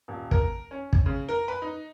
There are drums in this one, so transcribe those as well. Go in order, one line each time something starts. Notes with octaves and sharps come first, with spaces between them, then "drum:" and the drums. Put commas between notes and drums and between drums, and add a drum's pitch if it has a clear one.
D#1
A#4, drum: kick
C#4
drum: kick
C#3
A#4
B4
D#4